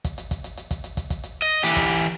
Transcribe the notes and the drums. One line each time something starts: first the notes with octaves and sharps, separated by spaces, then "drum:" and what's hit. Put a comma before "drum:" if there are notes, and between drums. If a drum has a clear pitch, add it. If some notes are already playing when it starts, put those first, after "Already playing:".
drum: kick, hi-hat
drum: hi-hat
drum: kick, hi-hat
drum: hi-hat
drum: hi-hat
drum: kick, hi-hat
drum: hi-hat
drum: kick, hi-hat
drum: kick, hi-hat
drum: hi-hat
D#5
E3 G4, drum: hi-hat
drum: kick, hi-hat
drum: hi-hat